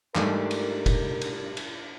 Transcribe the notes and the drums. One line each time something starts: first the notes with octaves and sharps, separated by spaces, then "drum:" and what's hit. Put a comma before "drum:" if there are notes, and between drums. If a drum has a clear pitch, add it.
G#2 G3 A3 D4 A#4, drum: clap
drum: cymbal
drum: kick F1, cymbal
drum: cymbal
drum: cymbal